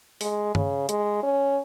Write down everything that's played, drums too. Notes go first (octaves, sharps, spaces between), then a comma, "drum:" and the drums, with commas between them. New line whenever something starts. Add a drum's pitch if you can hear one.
G#3, drum: open hi-hat
C#3, drum: tom G2
G#3, drum: hi-hat
C#4